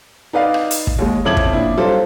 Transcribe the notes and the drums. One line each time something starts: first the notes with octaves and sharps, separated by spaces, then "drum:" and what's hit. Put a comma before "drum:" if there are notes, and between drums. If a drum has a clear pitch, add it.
D#4 B4 D5 F5
drum: rim click
drum: hi-hat
drum: kick
D#2 G#3
F2 C#3 E4 D6 G#6 F#7
drum: kick
A#2 D4 E4
F#3 G3 F4 A4 C5